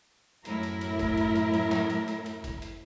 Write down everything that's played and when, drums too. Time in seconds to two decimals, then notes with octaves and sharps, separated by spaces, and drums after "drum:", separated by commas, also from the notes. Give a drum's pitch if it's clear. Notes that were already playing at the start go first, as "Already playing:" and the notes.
0.45 F#2 A2 F#3 E4 A#4, drum: hi-hat
0.63 drum: hi-hat
0.81 drum: hi-hat
0.99 drum: kick, hi-hat
1.17 drum: hi-hat
1.36 drum: hi-hat
1.54 drum: hi-hat
1.72 drum: clap
1.90 drum: hi-hat
2.08 drum: hi-hat
2.26 drum: hi-hat
2.44 drum: kick, hi-hat
2.62 drum: hi-hat